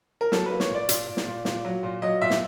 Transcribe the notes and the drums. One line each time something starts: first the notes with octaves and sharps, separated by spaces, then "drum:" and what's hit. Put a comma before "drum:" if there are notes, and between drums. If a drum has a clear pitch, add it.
A#4
F#3 A4, drum: snare
A#3 B4
C#5, drum: snare
A#2
D5
A#2, drum: hi-hat
A#2
drum: snare
A#2
A#2, drum: snare
F#3
A#2
F#3 D#5
A#2 E5
drum: snare